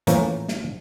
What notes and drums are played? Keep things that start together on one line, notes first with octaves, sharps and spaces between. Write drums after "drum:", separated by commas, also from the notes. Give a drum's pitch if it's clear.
A2 E3 F3 A3 A#3 C#4, drum: hi-hat
drum: snare